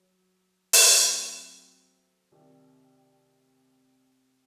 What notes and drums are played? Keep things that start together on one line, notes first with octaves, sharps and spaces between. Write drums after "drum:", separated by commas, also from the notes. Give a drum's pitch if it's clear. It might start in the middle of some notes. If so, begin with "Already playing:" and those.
Already playing: F#3
drum: open hi-hat
F#3 A3 C4
C2 C3 D#3